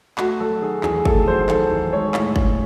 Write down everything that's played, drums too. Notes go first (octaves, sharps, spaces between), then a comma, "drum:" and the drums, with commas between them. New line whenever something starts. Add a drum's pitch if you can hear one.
A3 F#4, drum: clap
F#3 A4
D#3 G#4
E2 G#4, drum: clap
A3 A4, drum: kick
F#3 C5
C5
D#3 A4, drum: clap
E2
G#3 C#5
A2, drum: clap
G#3, drum: kick